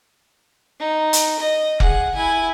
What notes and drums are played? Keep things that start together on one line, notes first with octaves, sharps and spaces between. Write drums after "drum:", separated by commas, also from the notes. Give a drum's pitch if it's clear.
D#4
drum: hi-hat
D#5
G#4 F#5, drum: kick F1
E4 G#5